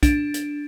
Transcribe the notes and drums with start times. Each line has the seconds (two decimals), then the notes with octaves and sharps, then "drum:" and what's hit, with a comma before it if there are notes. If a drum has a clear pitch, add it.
0.03 D4, drum: kick, hi-hat
0.34 drum: hi-hat